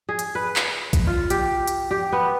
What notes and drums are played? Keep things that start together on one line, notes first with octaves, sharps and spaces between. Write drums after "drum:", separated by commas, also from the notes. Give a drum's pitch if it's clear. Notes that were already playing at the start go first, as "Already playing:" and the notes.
G#4
drum: hi-hat
B4
drum: clap
drum: kick, hi-hat
F4
G4, drum: hi-hat
drum: hi-hat
G4
B3